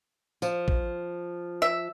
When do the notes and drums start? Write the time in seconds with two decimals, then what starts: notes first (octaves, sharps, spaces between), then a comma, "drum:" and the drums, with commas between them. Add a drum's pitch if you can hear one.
0.42 F3, drum: tambourine
0.68 drum: kick
1.62 E5